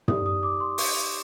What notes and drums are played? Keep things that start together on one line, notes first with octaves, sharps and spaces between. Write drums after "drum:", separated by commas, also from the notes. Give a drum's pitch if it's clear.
D#4 G4 B4 D5 D#6, drum: tom
D#6
D6
C6
C#6, drum: open hi-hat